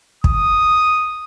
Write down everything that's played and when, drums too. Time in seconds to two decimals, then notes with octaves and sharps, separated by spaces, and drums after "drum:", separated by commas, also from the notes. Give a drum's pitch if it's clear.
0.24 D#6, drum: kick